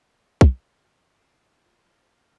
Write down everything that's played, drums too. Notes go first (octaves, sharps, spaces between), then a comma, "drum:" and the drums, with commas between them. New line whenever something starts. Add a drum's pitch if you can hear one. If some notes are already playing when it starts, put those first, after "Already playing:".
F6, drum: kick
D6 C7 D7
F4 C5
F6 A#6